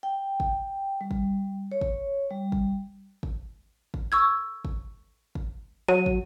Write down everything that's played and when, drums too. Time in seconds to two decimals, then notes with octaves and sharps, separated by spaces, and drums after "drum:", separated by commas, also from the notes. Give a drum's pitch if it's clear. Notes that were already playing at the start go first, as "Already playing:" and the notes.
0.03 G5
0.40 drum: kick
1.01 G3
1.11 drum: kick
1.72 C#5
1.81 drum: kick
2.31 G3
2.52 drum: kick
3.23 drum: kick
3.94 drum: kick
4.12 C#6 E6 G#6
4.65 drum: kick
5.35 drum: kick
5.88 F#3 D#7
6.06 drum: kick